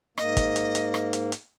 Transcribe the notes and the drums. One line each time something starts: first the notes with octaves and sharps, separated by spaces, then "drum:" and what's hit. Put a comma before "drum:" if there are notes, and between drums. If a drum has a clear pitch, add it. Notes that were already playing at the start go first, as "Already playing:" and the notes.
G#2 A#3 D#5, drum: rim click
drum: kick, hi-hat
drum: hi-hat
drum: hi-hat
drum: rim click
drum: hi-hat
drum: hi-hat